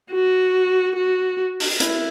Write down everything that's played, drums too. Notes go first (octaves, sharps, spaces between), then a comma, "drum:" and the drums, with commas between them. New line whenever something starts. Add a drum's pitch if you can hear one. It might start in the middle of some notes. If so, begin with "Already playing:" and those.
F#4
F#4
drum: open hi-hat
E4, drum: hi-hat